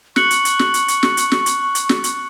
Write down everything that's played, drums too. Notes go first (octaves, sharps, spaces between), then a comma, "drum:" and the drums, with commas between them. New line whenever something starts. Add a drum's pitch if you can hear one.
C#6 F#6 C#7 F#7, drum: snare
drum: hi-hat
drum: hi-hat
drum: snare
drum: hi-hat
drum: hi-hat
drum: snare
drum: hi-hat
drum: snare
drum: hi-hat
drum: hi-hat
drum: snare
drum: hi-hat